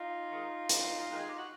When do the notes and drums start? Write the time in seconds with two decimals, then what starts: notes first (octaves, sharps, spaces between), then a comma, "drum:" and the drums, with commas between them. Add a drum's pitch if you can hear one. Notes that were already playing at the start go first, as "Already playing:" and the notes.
Already playing: D#4 F4
0.31 D#3 G#3
0.69 G#2, drum: hi-hat
1.09 D#3 G#3
1.16 G#4
1.27 G4
1.38 F#4